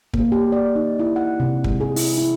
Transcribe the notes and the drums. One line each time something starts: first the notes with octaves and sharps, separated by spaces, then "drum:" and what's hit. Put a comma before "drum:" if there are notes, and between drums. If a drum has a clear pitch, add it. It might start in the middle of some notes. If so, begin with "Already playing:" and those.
A#3, drum: kick
G4
D5
D#4
E4
F#5
C3
G#3, drum: kick
G#4
E4, drum: open hi-hat
E4